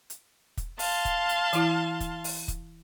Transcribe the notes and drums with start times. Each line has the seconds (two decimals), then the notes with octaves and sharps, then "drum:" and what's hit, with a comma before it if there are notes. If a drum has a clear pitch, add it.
0.10 drum: hi-hat
0.57 drum: kick, hi-hat
0.79 F5 A5 C6, drum: open hi-hat
1.05 drum: kick, hi-hat
1.29 drum: hi-hat
1.53 E3 E4, drum: hi-hat
2.00 drum: kick, hi-hat
2.24 drum: open hi-hat
2.48 drum: kick, hi-hat